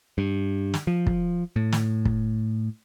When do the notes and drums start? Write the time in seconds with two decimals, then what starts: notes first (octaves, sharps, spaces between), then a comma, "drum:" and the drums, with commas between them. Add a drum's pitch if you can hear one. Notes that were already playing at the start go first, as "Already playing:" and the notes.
0.18 G2
0.74 drum: snare
0.87 F3
1.07 drum: kick
1.56 A2
1.72 drum: snare
2.05 drum: kick